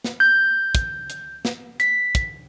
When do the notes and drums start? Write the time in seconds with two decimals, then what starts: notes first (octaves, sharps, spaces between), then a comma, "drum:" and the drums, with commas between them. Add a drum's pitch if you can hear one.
0.04 drum: snare
0.20 G6
0.75 drum: kick, hi-hat
1.10 drum: hi-hat
1.45 drum: snare
1.80 B6, drum: hi-hat
2.15 drum: kick, hi-hat